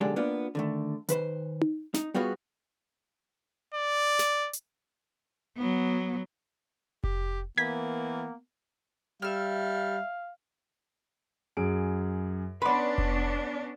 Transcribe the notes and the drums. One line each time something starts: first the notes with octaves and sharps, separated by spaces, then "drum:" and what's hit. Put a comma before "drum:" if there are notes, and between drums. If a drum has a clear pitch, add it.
B1 D3 G#3 D4 G4
A#3 B3 D4 F4
D3 D#3 A3
D#3 B4 C5, drum: hi-hat
drum: tom D#4
D#4, drum: snare
G3 B3 F4 F#4 G#4 C#5
D5
drum: snare
drum: hi-hat
F#3 B3
G4, drum: kick F1
E3 A#3 B3 G#6 B6
G3 E5 F5 F6
F#2 G#4 D7
B3 C#4 D4 B4 D5 F#5 C6
drum: kick F1